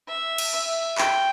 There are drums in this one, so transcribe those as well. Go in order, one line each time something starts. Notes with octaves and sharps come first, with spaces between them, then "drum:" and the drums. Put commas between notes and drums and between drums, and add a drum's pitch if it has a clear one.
E5
drum: cymbal
E5
G5, drum: clap